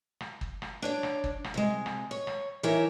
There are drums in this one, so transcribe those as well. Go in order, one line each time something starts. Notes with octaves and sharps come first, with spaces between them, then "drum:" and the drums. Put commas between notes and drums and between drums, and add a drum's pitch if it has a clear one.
drum: rim click
drum: kick
drum: rim click
D4 C#5 D5
drum: rim click
drum: kick
drum: rim click
C3 G#3
drum: rim click
C#5
drum: rim click
E3 D#4 A#4 C#5 E5